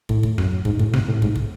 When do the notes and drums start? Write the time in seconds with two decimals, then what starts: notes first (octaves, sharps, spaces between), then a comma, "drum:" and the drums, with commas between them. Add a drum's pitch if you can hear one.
0.09 A2, drum: kick
0.23 drum: kick
0.38 F#2, drum: rim click
0.65 G#2, drum: kick
0.79 A2, drum: kick
0.93 C3, drum: rim click
1.08 A2
1.22 G#2, drum: kick
1.36 drum: kick